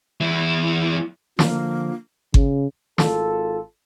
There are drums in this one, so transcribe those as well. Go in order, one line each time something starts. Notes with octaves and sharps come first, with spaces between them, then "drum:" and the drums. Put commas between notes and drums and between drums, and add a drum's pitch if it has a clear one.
E2 E4
D3 F3 A#3, drum: snare
C#3, drum: kick G1
G#1 F4 A4, drum: snare